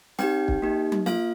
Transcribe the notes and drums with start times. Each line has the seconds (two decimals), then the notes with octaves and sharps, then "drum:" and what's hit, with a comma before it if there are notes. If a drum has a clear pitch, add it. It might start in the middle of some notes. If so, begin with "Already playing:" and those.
0.19 C4 D#4 G4 G5, drum: snare
0.48 drum: kick
0.62 A#3 D#4 G4
0.92 drum: tom F#3
1.06 A#3 F4 F5, drum: snare